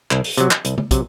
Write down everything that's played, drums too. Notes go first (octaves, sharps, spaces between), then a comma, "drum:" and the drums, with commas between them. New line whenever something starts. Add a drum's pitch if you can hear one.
C2, drum: clap
drum: open hi-hat
C3 F#3, drum: hi-hat
drum: clap
C2, drum: hi-hat
drum: tom C#3
C3 F#3, drum: kick, hi-hat